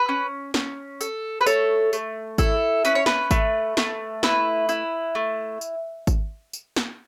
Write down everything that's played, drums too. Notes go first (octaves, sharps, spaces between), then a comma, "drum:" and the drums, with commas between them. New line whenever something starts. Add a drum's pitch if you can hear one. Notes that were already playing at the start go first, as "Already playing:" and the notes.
Already playing: B4
C#4
C#4, drum: snare
A4, drum: tambourine
B4
A3 A4 C#5, drum: tambourine
A3, drum: tambourine
E4 A4, drum: kick G#1, tambourine
C#4 B4, drum: tambourine
C#5
B4, drum: snare
A3, drum: kick G#1, tambourine
A3, drum: snare
E4 B4, drum: snare
E4, drum: tambourine
A3
drum: tambourine
drum: kick G#1, tambourine
drum: tambourine
drum: snare